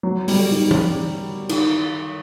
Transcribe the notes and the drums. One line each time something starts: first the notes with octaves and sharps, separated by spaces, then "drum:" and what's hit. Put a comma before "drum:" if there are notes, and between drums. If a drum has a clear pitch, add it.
F#3
G3, drum: open hi-hat
D#3
drum: tom E3
D#3, drum: cymbal